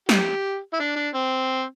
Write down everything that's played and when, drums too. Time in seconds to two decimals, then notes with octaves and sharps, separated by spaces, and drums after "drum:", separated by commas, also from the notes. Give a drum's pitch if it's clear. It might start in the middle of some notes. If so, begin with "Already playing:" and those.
0.09 G4, drum: snare
0.74 E4
0.80 D4
0.96 D4
1.14 C4